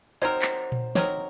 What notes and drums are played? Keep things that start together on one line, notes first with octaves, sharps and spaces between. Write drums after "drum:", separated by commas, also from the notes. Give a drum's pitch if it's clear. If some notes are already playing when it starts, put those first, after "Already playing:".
F#3 C4 D#4 A#4 C5
drum: clap
drum: tom A#2
F#3 C4 D#4 A#4 C#5, drum: snare